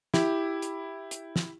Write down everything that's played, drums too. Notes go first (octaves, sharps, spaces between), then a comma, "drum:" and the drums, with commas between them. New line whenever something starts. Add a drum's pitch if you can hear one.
E4 G4, drum: snare
drum: hi-hat
drum: hi-hat
drum: snare